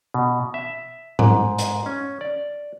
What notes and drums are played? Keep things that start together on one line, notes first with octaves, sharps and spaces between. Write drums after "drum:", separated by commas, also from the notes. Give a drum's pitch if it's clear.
B2
E5
G#2, drum: tom A2
drum: hi-hat
C#4
D5